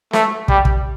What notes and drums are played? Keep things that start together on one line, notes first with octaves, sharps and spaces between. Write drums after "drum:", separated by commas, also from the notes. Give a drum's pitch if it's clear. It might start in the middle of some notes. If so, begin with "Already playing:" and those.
A3, drum: snare
G3, drum: kick
drum: kick